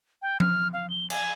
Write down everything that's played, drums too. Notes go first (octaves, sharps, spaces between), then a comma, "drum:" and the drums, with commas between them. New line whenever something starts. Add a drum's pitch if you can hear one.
G5
F6, drum: tom F3
F5
G7
G#5, drum: cymbal